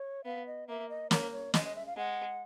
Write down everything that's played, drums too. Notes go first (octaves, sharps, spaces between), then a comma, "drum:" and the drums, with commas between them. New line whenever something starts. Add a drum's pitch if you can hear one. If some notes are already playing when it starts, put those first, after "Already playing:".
Already playing: C#5
B3 F5
D#5
A#3 E5
D#5
A#3 C#5, drum: snare
C#5
G#3 D#5, drum: snare
D#5
E5
F5
G#3 F#5